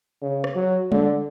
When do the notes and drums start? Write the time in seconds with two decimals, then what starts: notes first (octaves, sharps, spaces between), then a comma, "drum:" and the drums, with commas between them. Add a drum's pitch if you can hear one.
0.22 C#3
0.44 drum: rim click
0.55 F#3
0.92 D3, drum: tom G3